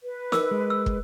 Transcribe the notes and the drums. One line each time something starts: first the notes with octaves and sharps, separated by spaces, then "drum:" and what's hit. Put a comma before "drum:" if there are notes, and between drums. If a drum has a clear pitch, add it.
B4
A#4 D6 E6, drum: snare
G#3
E6
drum: kick